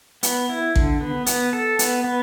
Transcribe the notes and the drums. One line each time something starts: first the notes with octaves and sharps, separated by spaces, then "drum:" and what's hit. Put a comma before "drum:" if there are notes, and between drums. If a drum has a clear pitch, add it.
B3, drum: hi-hat
E4
D3, drum: kick
B3
B3, drum: hi-hat
A4
B3, drum: hi-hat
B3